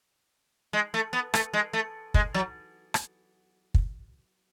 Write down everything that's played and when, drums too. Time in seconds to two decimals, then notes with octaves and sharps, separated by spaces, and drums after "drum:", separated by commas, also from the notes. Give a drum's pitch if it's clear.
0.73 G#3
0.94 A3
1.13 B3
1.34 A3, drum: rim click
1.53 G#3
1.73 A3
2.14 G#3, drum: kick
2.34 F#3
2.94 drum: rim click
3.74 drum: kick